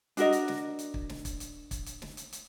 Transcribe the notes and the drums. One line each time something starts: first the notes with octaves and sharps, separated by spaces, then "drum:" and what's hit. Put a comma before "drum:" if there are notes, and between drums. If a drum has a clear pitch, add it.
D4 F#4 A#4 D#5, drum: hi-hat
drum: hi-hat
drum: snare
drum: hi-hat
drum: kick
drum: snare
drum: kick, hi-hat
drum: hi-hat
drum: kick, hi-hat
drum: hi-hat
drum: snare
drum: hi-hat
drum: hi-hat